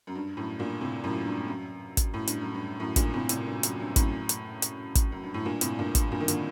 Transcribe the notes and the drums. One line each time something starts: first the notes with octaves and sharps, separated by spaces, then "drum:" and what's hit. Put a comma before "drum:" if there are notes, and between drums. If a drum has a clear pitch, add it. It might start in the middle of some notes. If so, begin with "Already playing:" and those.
F#2
G2
F#2 A2
G2 A#2
A2 C3
F#2 A2
G2
F#2
drum: kick, hi-hat
A2
G2, drum: hi-hat
F#2
G2
F#2 A2
G2 A#2, drum: kick, hi-hat
A2 C3
A2 C3, drum: hi-hat
G2
F#2, drum: hi-hat
G2
G2
F#2 A2, drum: kick, hi-hat
drum: hi-hat
drum: hi-hat
drum: kick, hi-hat
F#2
G2
A2
G2 A#2
A2 C3, drum: hi-hat
G2 A#2
G2, drum: kick, hi-hat
G2 A#2
D#3
A#2 D3, drum: hi-hat